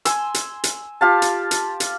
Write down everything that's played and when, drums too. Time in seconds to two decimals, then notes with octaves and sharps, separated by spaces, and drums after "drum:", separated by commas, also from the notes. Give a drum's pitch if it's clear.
0.05 G#5 C6 E6, drum: hi-hat
0.34 drum: hi-hat
0.64 drum: hi-hat
1.01 F4 G4 F5 A5
1.22 drum: hi-hat
1.51 drum: hi-hat
1.80 drum: hi-hat